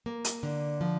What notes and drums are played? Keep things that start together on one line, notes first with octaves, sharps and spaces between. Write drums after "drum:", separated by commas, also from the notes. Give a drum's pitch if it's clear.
A#3
drum: hi-hat
D3
F3